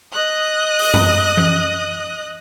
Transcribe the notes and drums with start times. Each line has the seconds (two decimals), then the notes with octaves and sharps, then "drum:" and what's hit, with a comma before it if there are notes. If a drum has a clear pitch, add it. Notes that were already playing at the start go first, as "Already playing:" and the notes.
0.13 D#5 D#6 F#6
0.79 drum: open hi-hat
0.94 drum: tom F#2
1.37 drum: tom E3